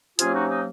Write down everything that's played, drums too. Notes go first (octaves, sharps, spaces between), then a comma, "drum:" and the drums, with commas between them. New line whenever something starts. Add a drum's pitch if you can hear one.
C3 F#3 A#3 C#4 F4 G#4, drum: hi-hat
D#4 F#4
D#4